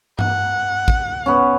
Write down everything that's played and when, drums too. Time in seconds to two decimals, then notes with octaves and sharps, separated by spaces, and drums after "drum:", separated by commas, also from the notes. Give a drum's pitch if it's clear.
0.19 F#5, drum: tom G2
0.88 drum: kick
1.26 B3 C#4